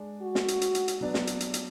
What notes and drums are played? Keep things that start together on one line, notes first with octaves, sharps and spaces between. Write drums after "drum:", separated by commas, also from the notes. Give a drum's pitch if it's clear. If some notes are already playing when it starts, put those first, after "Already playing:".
Already playing: G#3 D4
F#4
drum: snare
drum: hi-hat
drum: hi-hat
drum: hi-hat
drum: hi-hat
F#3 B3 D4
drum: snare
drum: hi-hat
drum: hi-hat
drum: hi-hat